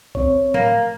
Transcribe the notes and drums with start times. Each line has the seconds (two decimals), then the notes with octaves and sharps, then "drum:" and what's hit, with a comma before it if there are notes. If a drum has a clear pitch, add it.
0.15 C4 C#5, drum: kick B1
0.54 A2 A#3, drum: tom F3